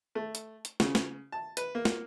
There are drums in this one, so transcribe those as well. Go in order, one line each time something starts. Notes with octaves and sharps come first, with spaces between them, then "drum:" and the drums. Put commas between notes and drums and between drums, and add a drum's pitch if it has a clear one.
A3
drum: hi-hat
drum: hi-hat
C#3, drum: snare
drum: snare
A5
B4, drum: hi-hat
A#3
drum: snare